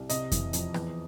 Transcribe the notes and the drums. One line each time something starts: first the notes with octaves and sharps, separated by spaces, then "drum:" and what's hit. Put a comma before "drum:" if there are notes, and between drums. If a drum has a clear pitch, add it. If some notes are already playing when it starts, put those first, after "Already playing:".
Already playing: C2
C3 D#5, drum: hi-hat
E3, drum: kick F2, hi-hat
F2, drum: hi-hat
E2, drum: rim click